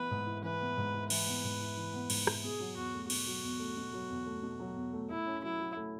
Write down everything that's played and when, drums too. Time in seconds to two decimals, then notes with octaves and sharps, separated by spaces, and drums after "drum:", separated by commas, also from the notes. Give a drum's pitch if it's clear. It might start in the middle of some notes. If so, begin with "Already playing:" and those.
Already playing: E3 B3 B4
0.11 G#2
0.27 E4
0.43 E3 B4
0.60 B3
0.77 G#2
0.94 E4
1.10 E3 B4, drum: cymbal
1.27 B3
1.44 G#2
1.61 E4
1.77 E3
1.93 B3
2.10 G#2, drum: cymbal
2.27 E4, drum: rim click
2.44 B2 G#4
2.60 F#3
2.76 E2 F#4
2.94 A3
3.10 B2 F#4, drum: cymbal
3.27 F#3
3.44 E2
3.60 A3
3.77 B2
3.93 F#3
4.10 E2
4.27 A3
4.43 B2
4.60 F#3
4.76 E2
4.93 A3
5.10 A3 E4
5.26 C#4
5.43 F#3 E4
5.60 F#3
5.77 A3